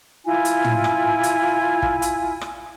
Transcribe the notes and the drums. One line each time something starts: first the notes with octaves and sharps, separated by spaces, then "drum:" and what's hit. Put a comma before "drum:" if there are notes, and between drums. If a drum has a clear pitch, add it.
E4 F4 G#5
drum: hi-hat
drum: tom
drum: rim click
drum: hi-hat
drum: kick
drum: hi-hat
drum: rim click